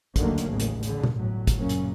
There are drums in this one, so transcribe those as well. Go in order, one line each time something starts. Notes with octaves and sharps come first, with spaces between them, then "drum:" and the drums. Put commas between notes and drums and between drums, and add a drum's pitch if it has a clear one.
D#2 D3 D#3 F#3 A3 A#3, drum: kick G#1, hi-hat
drum: hi-hat
A1 D#2 C#3
drum: hi-hat
D3, drum: hi-hat
drum: tom B2
G1 A2 F#3
drum: kick G#1, hi-hat
F#2 A#2 C#3 F#3 A#3 C#4
drum: hi-hat